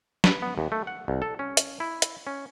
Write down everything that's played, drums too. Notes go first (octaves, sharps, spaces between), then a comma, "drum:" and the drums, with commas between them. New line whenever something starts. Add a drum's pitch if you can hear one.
B4, drum: snare
B3
D#2
A3
F#5
C2
A4
C#4
drum: hi-hat
E4
drum: hi-hat
C#4